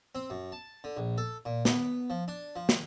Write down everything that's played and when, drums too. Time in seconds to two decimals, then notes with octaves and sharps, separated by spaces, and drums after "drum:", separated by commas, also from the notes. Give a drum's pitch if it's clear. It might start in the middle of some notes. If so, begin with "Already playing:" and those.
0.15 C4
0.30 F#2
0.52 A5
0.84 D3
0.97 A#1
1.18 A4
1.45 A#2
1.65 B3, drum: snare
2.10 F3
2.28 D4
2.56 F3
2.69 drum: snare